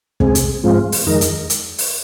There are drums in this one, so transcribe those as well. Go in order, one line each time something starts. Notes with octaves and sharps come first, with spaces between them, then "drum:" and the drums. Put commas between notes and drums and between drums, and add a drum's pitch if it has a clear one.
C3 G#3 C4 G#4, drum: kick
drum: hi-hat
G#2 F3 G#3 C4 F4
drum: open hi-hat
F2 D#3 G#3 D#4 A#4
drum: hi-hat
drum: hi-hat
drum: open hi-hat